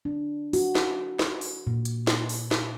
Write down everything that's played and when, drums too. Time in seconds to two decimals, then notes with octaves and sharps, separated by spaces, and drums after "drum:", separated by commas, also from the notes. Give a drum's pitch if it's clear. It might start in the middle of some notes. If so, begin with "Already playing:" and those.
0.05 D4
0.53 F#4, drum: open hi-hat
0.75 drum: snare
1.19 drum: snare
1.41 drum: open hi-hat
1.67 A#2
1.85 drum: hi-hat
2.07 drum: snare
2.29 drum: open hi-hat
2.51 drum: snare